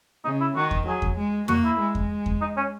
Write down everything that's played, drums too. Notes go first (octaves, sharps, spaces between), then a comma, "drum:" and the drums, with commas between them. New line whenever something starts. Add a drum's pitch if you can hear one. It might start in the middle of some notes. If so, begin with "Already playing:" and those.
C#3 D#4
E4
D#3 F#4
drum: kick E2
F#3 G#4
drum: kick E2
G#3
A#3 F#4, drum: tom
E4
G#3
drum: kick E2
drum: kick E2
D#4
C#4